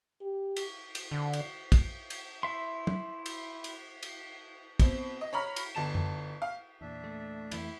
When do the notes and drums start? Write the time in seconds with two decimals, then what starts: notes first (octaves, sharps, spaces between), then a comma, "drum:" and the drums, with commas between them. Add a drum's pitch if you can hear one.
0.21 G4
0.56 drum: cymbal
0.95 drum: cymbal
1.12 D3
1.33 drum: cymbal
1.72 drum: kick, cymbal
2.10 drum: cymbal
2.43 E4 E5 C6
2.87 drum: tom
3.26 drum: cymbal
3.64 drum: cymbal
4.03 drum: cymbal
4.80 B2 C4, drum: kick, cymbal
5.21 D#5
5.33 C#5 A#5 B5 F6 B6
5.56 drum: cymbal
5.75 G1 A5 E7
5.95 drum: tom F#2
6.42 F5
6.81 E2 A#2 D4 E5
7.04 A3
7.51 F2 E3 E4, drum: cymbal